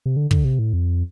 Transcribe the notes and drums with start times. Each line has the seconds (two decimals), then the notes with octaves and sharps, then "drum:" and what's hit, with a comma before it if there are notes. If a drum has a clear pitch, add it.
0.06 C3
0.17 D3
0.31 D3, drum: kick
0.45 C3
0.59 A2
0.73 F2